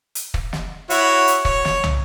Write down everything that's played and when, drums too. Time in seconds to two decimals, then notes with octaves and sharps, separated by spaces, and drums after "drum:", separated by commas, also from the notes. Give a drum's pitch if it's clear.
0.15 drum: hi-hat
0.34 drum: kick
0.53 drum: snare
0.90 E4 F#4 C#5, drum: hi-hat
1.27 drum: hi-hat
1.45 C#5, drum: kick
1.65 drum: snare
1.84 drum: tom